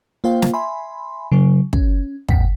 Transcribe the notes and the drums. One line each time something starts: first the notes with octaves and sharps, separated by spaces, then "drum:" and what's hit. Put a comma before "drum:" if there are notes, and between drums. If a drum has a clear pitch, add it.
A#3 F4 C5 F5 G5
drum: snare
E5 G#5 B5 C6
C#3 F#3
C#4, drum: kick
E2 A2 F#5 G5 B6, drum: kick